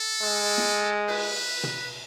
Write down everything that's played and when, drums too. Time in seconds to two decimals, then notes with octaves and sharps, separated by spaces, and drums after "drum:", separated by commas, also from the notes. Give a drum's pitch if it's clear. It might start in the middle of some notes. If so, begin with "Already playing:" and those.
Already playing: A4
0.23 G#3
0.58 drum: snare
1.08 B4, drum: cymbal
1.64 drum: tom